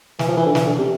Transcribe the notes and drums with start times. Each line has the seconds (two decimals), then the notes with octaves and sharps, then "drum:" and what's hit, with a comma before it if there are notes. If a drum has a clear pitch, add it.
0.19 E3, drum: snare
0.28 F3
0.37 E3
0.46 D3
0.55 E3, drum: snare
0.67 D3
0.79 C3